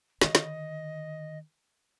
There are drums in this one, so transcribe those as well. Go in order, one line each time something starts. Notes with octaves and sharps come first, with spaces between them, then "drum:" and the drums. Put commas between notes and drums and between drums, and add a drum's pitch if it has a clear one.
D3 D#3 D#5, drum: snare
drum: snare